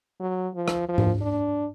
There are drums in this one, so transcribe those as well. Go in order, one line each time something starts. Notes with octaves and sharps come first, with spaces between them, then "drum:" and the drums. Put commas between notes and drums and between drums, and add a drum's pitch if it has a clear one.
F#3
F3
drum: rim click
F3
drum: tom G#2
D4